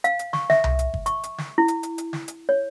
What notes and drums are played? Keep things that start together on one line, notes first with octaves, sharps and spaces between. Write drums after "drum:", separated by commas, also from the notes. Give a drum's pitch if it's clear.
F5, drum: hi-hat
drum: hi-hat
C#6, drum: snare
E5, drum: snare
drum: tom C2
drum: hi-hat
drum: kick G1
C#6, drum: hi-hat
drum: hi-hat
drum: snare
E4
drum: hi-hat
drum: hi-hat
drum: hi-hat
drum: snare
drum: hi-hat
C#5